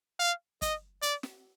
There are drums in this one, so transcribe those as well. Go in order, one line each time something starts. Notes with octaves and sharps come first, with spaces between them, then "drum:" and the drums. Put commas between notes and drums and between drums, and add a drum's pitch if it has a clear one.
F5
D#5, drum: kick, hi-hat
D5, drum: hi-hat
drum: snare